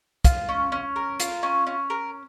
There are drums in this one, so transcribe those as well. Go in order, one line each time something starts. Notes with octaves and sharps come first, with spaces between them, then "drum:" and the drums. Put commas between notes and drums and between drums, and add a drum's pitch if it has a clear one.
F4, drum: kick, hi-hat
C#4
C#4
A#4
F4, drum: hi-hat
C#4
C#4
A#4